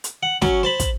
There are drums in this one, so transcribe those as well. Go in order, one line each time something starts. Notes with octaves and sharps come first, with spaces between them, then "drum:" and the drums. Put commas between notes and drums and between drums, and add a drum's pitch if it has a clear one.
drum: hi-hat
F#5
F#3 C#4, drum: snare
C5 A5 B5
drum: kick, hi-hat